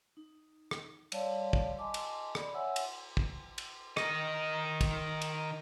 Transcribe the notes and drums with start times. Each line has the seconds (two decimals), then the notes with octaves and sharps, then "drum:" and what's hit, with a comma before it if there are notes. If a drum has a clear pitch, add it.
0.17 D#4
0.71 drum: rim click
1.12 G3 C#5 D5 F5 A5, drum: cymbal
1.53 drum: kick
1.79 D#5 G#5 A5 C6 D6
1.94 drum: cymbal
2.35 D5 B5 C6, drum: rim click
2.54 C#5 E5 F#5 G#5 E6
2.76 drum: cymbal
3.17 drum: kick
3.58 drum: cymbal
3.97 D#3 D#5, drum: rim click
4.81 drum: kick, cymbal
5.22 drum: cymbal